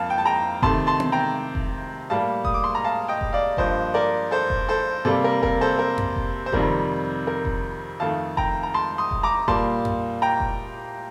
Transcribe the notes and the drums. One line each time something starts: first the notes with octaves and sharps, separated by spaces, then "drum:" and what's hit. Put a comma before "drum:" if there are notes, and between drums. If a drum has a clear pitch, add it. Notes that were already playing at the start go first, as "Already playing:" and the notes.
Already playing: F2 A#3 F5 A5
G5
A5
G5 A#5
C3 D#3 A3 A5 C6, drum: kick F1
A5 C6
drum: tom B3
G5 A#5
drum: kick F1
A2 G3 A#3 F5 A5
D#6, drum: kick F1
D6
C6
A#5
F5 A5
D#5 G5
drum: kick F1
D5 F5
G2 F3 A#3 C5 D#5, drum: kick F1
A#4 D5
A4 C5
drum: kick F1
A4 C5
C3 G3 A#3 A4
A#4
A#4, drum: kick F1
A4 C5
A#4
drum: tom F2
drum: kick F1
C5
F2 C3 D#3 G3 A#4, drum: kick F1
A#4
drum: kick F1
F2 D#3 A3 F5 A5
G5 A#5, drum: kick F1
A#5
A5 C6
C6 D#6
drum: kick F1
A#5 D6
A#2 G3 A#3 A5 C6, drum: kick F1
drum: tom F2
G5 A#5
drum: kick F1